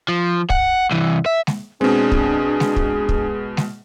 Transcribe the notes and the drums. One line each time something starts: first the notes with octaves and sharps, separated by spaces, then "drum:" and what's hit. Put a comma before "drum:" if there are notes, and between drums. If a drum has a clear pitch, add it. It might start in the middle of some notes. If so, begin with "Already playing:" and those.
F3
F#5, drum: kick
C2 E3
E5
drum: snare G#3
B2 G#3 C4 D4 G#4
drum: kick
drum: snare G#3
drum: kick
drum: kick
drum: snare G#3